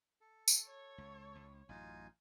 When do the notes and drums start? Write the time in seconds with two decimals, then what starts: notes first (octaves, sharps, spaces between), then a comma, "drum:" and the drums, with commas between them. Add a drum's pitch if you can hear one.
0.21 A4
0.48 drum: tambourine
0.65 C#5
0.98 C#2
1.35 C#2
1.69 A1 F#2 F#3 D#4 F4 G#5